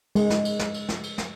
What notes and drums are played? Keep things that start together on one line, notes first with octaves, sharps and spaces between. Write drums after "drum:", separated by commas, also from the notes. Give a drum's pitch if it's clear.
G#3, drum: cymbal
drum: snare
drum: cymbal
drum: snare
drum: cymbal
drum: snare
drum: cymbal
drum: snare